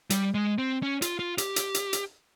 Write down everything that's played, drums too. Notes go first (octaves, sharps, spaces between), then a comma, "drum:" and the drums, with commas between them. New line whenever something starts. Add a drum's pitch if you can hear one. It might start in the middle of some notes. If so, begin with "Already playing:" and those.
G3, drum: hi-hat
G#3
C4
C#4
F4, drum: hi-hat
F4
G4, drum: hi-hat
drum: hi-hat
drum: hi-hat
drum: hi-hat